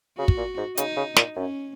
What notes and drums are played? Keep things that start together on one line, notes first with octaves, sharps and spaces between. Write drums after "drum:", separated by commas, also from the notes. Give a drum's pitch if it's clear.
C#3 F#4
drum: kick
A#2
G#2
C#3 D#4, drum: hi-hat
C#3
A#2, drum: snare
F#2 C#4